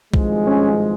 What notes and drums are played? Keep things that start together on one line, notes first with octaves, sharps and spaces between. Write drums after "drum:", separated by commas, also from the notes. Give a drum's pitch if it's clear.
G#1 G2 F3 G#3, drum: kick B1
C#4